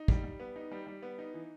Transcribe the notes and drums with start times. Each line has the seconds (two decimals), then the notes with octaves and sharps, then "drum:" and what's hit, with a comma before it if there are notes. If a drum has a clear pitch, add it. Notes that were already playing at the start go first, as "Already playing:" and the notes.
Already playing: D#4
0.08 G3, drum: kick
0.24 G3
0.40 B3
0.56 D#4
0.71 G3
0.87 G3
1.02 B3
1.18 D#4
1.34 E3